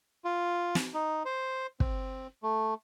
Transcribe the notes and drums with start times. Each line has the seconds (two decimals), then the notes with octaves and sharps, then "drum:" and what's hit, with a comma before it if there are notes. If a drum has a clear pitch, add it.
0.25 F4
0.75 drum: snare
0.94 D#4
1.25 C5
1.80 C4, drum: kick
2.43 A3